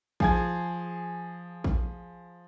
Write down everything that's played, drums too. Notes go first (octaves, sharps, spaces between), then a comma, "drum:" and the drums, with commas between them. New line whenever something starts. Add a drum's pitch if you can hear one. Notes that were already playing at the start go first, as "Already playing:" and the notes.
F3 G#4 G#6, drum: kick A1
drum: kick A1